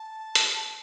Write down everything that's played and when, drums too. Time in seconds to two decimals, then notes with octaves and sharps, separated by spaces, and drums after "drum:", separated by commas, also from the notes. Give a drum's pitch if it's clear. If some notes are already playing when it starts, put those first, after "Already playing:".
Already playing: A5
0.35 drum: hi-hat